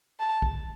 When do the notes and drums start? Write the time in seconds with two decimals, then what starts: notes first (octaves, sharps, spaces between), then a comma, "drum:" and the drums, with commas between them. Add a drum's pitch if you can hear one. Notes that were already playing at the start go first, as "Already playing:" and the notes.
0.20 A5
0.42 drum: kick A#1